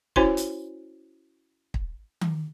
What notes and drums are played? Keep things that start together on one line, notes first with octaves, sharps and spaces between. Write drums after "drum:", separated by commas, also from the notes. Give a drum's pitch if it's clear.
C#4 E4 F#4 C5 C#5 C6, drum: kick
drum: hi-hat
drum: kick
drum: tom D#3